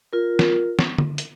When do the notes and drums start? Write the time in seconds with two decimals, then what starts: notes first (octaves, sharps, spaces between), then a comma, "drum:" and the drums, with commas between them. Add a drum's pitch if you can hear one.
0.13 F4 A#4
0.39 drum: snare
0.79 drum: snare
0.98 drum: tom D3
1.18 drum: hi-hat